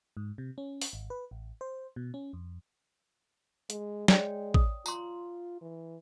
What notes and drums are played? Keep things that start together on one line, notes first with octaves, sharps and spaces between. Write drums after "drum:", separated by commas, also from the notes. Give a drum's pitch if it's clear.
G#2
C3
C#4
drum: open hi-hat
G#1
B4
A1
C5
B2
C#4
F2
G#3, drum: hi-hat
G#3 C#5 D5 G5, drum: snare
D#6, drum: kick
F4 A#5 C6, drum: tambourine
E3